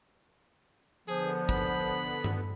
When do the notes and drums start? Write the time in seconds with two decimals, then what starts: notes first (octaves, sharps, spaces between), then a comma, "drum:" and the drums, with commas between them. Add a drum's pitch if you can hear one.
1.08 D3 F3 B3 G#4, drum: tambourine
1.49 B5, drum: kick
2.24 drum: tom G2